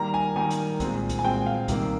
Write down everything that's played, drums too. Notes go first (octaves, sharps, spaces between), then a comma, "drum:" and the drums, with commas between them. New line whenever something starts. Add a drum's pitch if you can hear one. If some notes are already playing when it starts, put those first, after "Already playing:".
Already playing: D#3 G3 A#3 A#5
G#5
D#3 G3 A#3 G#5
drum: hi-hat
A#2 G#3 C4, drum: kick C2, hi-hat
drum: kick C2, hi-hat
G#5
A#2 G#3 C4 G5
F5
C3 D#3 G3 A#3, drum: kick C2, hi-hat